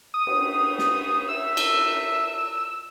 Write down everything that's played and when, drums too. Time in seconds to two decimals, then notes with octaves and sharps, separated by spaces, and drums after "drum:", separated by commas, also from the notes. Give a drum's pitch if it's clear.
0.14 D#6
0.27 drum: cymbal
0.79 drum: snare
1.29 E5 E6
1.57 drum: cymbal